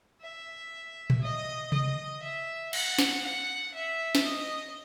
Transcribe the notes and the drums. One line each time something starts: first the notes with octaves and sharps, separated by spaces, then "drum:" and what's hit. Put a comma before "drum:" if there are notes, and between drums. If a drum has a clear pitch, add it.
E5
drum: tom
D#5
D#5, drum: tom C3
E5
F#5, drum: cymbal
drum: snare
F#5
E5
drum: snare
D#5